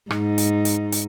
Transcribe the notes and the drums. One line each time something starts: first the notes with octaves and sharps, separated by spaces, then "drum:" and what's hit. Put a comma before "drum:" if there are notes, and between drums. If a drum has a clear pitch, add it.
G#2 D#4, drum: rim click
drum: hi-hat
drum: hi-hat
drum: hi-hat